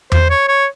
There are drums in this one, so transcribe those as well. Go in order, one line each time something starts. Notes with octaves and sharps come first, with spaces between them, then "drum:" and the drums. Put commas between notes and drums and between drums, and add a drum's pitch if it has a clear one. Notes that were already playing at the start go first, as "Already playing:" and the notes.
C5, drum: tom E2
C#5
C#5